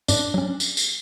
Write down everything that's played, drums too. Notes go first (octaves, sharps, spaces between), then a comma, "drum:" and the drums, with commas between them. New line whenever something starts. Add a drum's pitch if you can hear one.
G2 D4, drum: tambourine
F#3 C#4
drum: tambourine
drum: tambourine